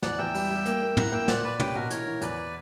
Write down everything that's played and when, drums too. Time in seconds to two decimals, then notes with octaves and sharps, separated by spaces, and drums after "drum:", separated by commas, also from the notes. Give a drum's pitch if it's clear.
0.03 E2 D5 F#5, drum: snare
0.18 E2 E5 G5
0.34 G3, drum: open hi-hat
0.50 G3
0.66 A#3, drum: hi-hat
0.82 A#3
0.97 E4 F#5 A#5, drum: tom
1.12 A#3 E5 G5
1.28 A#2 D5 F#5, drum: snare
1.44 A#2 B4 D5
1.60 C#4 G4 B4, drum: tom
1.74 B2 F#4 A#4
1.90 E3 A#4 C#5, drum: hi-hat
2.06 E3
2.21 E2 B4 D5, drum: hi-hat